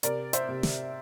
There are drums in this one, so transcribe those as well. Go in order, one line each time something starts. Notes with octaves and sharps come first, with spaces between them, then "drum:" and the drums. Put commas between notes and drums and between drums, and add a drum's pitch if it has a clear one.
C3 A#4 D5, drum: hi-hat
C5 E5, drum: hi-hat
C3
drum: snare